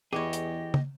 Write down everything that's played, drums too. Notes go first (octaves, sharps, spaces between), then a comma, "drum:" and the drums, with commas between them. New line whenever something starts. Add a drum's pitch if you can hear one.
E2 E3 B3 G4 G#4 C#5 D#5
drum: hi-hat
drum: tom